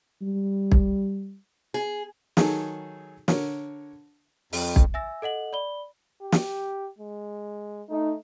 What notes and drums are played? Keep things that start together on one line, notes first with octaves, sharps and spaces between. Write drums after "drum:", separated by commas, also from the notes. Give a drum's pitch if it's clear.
G3
drum: kick
G#4
D#3 F#3 D#4 G#4 A4, drum: snare
D3 A#4 C#5, drum: snare
F2, drum: open hi-hat
drum: kick
E5 G#5 E6 A#6
A4 D#5 F#5 F#7
D5 B5 G7
G4
drum: snare
G#3
A3 D#4